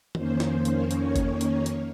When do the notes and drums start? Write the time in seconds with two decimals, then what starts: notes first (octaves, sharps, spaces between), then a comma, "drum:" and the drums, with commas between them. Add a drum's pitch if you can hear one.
0.15 F2 D#3 A#3 C#4 C5, drum: tom D#3
0.40 drum: snare
0.65 drum: hi-hat
0.91 C#5, drum: hi-hat
1.16 drum: kick F#1, hi-hat
1.41 drum: hi-hat
1.66 drum: hi-hat